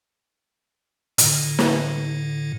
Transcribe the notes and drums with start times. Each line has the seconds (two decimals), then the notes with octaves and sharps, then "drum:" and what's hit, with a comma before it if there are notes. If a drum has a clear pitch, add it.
1.18 A2 D3, drum: hi-hat
1.59 drum: snare